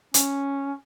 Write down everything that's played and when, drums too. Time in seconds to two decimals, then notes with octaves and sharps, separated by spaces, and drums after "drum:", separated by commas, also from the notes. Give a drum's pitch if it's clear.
0.14 C#4, drum: hi-hat